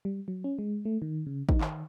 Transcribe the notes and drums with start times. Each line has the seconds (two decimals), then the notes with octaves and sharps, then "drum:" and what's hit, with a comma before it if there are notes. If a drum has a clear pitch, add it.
0.05 G3
0.28 F#3
0.44 C#4
0.59 G#3
0.85 A3
1.02 D#3
1.26 C#3
1.49 D#4, drum: kick
1.61 D#3, drum: clap